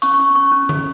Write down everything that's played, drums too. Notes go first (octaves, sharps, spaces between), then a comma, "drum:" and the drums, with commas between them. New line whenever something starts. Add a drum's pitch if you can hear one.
C#4 C#6, drum: hi-hat
C#6
C#4
C#4 C#6
C#4
C#4, drum: tom D3